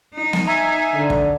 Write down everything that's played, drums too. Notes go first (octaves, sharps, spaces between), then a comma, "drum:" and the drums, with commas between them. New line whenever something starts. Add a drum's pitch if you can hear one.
D#4
drum: snare B3
E5 G#5 A#5
D3
drum: kick